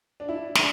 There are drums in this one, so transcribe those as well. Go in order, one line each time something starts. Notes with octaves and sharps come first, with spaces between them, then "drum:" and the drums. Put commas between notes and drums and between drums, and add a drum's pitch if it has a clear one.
D4
E4
D4, drum: snare